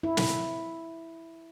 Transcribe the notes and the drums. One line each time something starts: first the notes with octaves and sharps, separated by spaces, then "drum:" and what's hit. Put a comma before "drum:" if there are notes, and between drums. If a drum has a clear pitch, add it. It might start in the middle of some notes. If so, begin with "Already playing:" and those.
E4
drum: snare